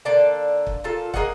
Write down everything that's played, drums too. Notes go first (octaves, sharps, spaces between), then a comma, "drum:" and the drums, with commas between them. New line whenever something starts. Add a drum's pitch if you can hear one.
D3 A#3 D5 A5
drum: kick
A#2 F4 A4 A5
A#3 G#4 D#5 F#5, drum: kick